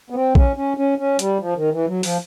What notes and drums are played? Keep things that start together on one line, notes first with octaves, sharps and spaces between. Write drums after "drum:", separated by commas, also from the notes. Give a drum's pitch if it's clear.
B3
C4
C#4, drum: kick
C#4
C#4
C#4
G3, drum: hi-hat
F3
D#3
E3
F#3
F3, drum: open hi-hat